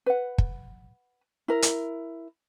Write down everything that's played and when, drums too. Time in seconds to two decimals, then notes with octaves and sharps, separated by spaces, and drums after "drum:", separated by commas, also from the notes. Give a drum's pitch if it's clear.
0.06 B4 F#5
0.38 drum: kick
1.48 E4 A#4
1.62 drum: hi-hat